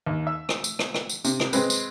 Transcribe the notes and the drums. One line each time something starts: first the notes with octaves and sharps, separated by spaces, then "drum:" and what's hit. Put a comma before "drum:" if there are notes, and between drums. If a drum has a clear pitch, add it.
D#2
E5
drum: rim click
drum: tambourine
drum: rim click
drum: rim click
drum: tambourine
C3, drum: tambourine
drum: rim click
G#3 C4 B4, drum: tambourine
drum: tambourine